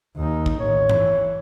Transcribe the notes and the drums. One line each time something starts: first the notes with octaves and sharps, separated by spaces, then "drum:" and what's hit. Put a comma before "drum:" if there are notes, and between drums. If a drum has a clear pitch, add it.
D#2 D#4
drum: kick
A1 D#3 C#5
E3, drum: tom G2